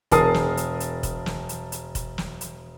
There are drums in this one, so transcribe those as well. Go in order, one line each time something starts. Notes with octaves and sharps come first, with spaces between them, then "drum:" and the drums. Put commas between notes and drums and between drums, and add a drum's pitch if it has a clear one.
E1 G#4 A#4 A5 D#6 C7, drum: kick F1, hi-hat
drum: snare
drum: hi-hat
drum: hi-hat
drum: kick F1, hi-hat
drum: snare
drum: hi-hat
drum: hi-hat
drum: kick F1, hi-hat
drum: snare
drum: hi-hat